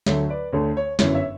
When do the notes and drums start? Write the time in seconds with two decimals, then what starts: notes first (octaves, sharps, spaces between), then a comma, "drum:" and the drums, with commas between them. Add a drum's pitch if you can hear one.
0.06 D2 D3 F#3 A3 C#5 E5, drum: snare
0.29 B4 D5
0.53 D2 D3 A3 C#5
0.77 C#5
0.99 G1 F#2 E3 C#5, drum: snare
1.15 C#5 E5